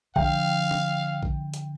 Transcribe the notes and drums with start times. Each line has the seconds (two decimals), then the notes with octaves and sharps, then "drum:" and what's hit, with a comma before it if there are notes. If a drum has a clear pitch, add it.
0.16 D3 F3 F5 G5, drum: kick A#1
0.71 drum: tom
1.23 drum: kick A#1
1.54 drum: hi-hat